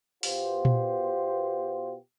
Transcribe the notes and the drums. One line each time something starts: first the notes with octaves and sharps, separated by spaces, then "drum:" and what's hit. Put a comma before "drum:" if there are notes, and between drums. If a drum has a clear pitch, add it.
B2 B3 F4 G4 C5, drum: open hi-hat
drum: tom A#2